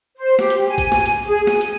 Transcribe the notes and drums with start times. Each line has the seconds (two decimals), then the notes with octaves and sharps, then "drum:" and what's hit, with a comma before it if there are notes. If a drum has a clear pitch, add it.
0.16 C5
0.39 G4, drum: snare
0.50 drum: hi-hat
0.69 G#5
0.78 drum: kick G#1, hi-hat
0.92 drum: snare
1.06 drum: hi-hat
1.27 G#4
1.47 G#5, drum: snare
1.61 drum: hi-hat